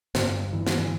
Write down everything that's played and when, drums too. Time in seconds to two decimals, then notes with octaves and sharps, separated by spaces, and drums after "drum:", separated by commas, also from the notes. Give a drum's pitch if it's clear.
0.15 G2 D3, drum: snare
0.53 E3
0.67 E3, drum: snare
0.78 E3